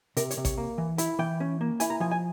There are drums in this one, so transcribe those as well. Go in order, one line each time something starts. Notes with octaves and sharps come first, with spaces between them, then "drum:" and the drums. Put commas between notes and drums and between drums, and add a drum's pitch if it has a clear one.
C3 A#4, drum: hi-hat
C#5, drum: hi-hat
C3
C#5, drum: kick A1, hi-hat
A#3
E3
E4 E5, drum: hi-hat
E3 G5
C#4
A#3
E4 G#5, drum: hi-hat
A#5
F3 G#5
G#5